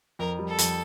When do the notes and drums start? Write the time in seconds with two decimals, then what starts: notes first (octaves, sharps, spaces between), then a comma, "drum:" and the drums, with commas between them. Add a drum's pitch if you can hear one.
0.19 F2 A#4
0.39 G3
0.48 A4
0.58 F2, drum: hi-hat